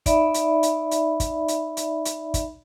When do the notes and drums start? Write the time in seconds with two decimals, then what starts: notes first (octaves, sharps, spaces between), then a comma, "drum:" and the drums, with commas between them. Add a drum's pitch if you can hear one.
0.06 D#4 D5 E5 B5, drum: kick, hi-hat
0.34 drum: hi-hat
0.63 drum: hi-hat
0.91 drum: hi-hat
1.20 drum: kick, hi-hat
1.48 drum: hi-hat
1.77 drum: hi-hat
2.05 drum: hi-hat
2.34 drum: kick, hi-hat